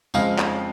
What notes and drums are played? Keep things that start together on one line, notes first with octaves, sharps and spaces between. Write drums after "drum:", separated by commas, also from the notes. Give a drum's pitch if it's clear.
F2 C#3 G#3 C4 F5, drum: tambourine
drum: clap